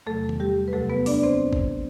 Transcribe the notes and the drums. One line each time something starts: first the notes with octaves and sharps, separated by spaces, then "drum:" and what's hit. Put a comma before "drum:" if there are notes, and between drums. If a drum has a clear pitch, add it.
E2 C3 F#3 A3 A4
drum: tom D#3
G3 G4
B4
D2 C3 F#3 A3 A4
B3 B4
D4 D5, drum: open hi-hat
C4 C5
drum: kick G#1